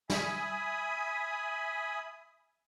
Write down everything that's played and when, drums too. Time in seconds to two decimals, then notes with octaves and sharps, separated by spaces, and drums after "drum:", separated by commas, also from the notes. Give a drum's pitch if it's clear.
0.10 E5 G#5 B5 D#6, drum: snare